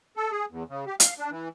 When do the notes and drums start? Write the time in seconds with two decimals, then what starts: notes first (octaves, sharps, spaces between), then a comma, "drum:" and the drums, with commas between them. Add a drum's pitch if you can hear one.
0.17 A4
0.32 G#4
0.51 E2
0.69 C#3
0.87 G4
1.00 F5, drum: hi-hat
1.18 D4
1.31 E3